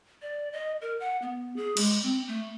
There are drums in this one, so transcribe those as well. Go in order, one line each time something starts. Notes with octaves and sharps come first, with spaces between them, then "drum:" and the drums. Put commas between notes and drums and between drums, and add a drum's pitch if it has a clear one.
D5
D#5
A#4
F#5
B3
G#4
G#3, drum: cymbal
C4
A3